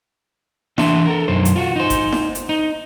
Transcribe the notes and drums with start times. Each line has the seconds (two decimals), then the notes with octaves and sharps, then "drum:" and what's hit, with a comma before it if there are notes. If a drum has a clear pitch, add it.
0.78 E3 D4 E5 A5 C6, drum: snare E4
1.06 A4 A#4
1.28 B1 F#2 D#3 C5
1.45 drum: hi-hat
1.56 F4 F#4
1.76 D#4 C5
1.90 drum: kick G1, hi-hat
2.12 drum: snare E4
2.35 drum: hi-hat
2.49 D#4